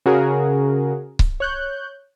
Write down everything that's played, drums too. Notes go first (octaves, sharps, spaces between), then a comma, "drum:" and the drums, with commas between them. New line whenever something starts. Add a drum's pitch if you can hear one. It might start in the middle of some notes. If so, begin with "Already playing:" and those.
C#3 F#4 G#4 A#4
drum: kick C#1
C#5 F#6 G6